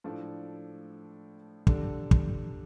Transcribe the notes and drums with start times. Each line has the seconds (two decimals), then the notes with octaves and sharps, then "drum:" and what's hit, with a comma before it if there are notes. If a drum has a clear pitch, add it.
0.04 A2 F3 D4 A4 D5
1.67 D3 G3 D4 A4, drum: kick
2.11 drum: kick